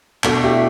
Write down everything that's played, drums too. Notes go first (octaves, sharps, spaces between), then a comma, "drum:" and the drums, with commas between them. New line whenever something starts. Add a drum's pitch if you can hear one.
B2 A3 D4 F#4 A4, drum: clap
E4 G4